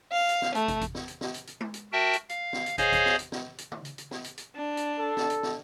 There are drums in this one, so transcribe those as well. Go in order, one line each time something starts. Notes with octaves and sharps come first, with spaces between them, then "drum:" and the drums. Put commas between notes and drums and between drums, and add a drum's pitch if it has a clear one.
F5
drum: hi-hat
drum: snare
A3, drum: hi-hat
drum: kick, hi-hat
drum: kick, hi-hat
drum: snare
drum: hi-hat
drum: snare
drum: hi-hat
drum: hi-hat
drum: tom G#3
drum: hi-hat
F#4 A#4 E5 G5 A5
drum: hi-hat
F5, drum: hi-hat
drum: snare
drum: hi-hat
G#4 C5 C#5 D#5 F5 G#5, drum: kick, hi-hat
drum: kick, hi-hat
drum: snare
drum: hi-hat
drum: snare
drum: hi-hat
drum: tom
drum: hi-hat
drum: hi-hat
drum: snare
drum: hi-hat
drum: hi-hat
D4
drum: hi-hat
A4
drum: snare
drum: hi-hat
drum: snare